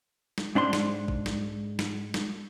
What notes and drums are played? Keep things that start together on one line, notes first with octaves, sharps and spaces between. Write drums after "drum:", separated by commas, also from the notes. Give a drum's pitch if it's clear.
drum: snare
G#2 D4 C5 C6
drum: snare
drum: kick A1
drum: snare
drum: snare
drum: snare